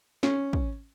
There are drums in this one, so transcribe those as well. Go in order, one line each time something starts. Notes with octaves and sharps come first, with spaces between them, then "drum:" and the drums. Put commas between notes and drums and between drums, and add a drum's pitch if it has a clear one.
C#4, drum: snare
drum: kick